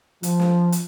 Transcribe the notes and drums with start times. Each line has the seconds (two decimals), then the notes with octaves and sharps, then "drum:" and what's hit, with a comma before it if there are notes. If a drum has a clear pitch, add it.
0.23 F3, drum: hi-hat
0.40 drum: snare
0.72 drum: hi-hat